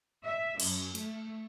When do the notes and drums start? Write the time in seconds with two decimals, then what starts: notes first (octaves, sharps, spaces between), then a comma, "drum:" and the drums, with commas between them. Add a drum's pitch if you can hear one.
0.24 E5
0.60 F#2, drum: cymbal
0.95 A3, drum: hi-hat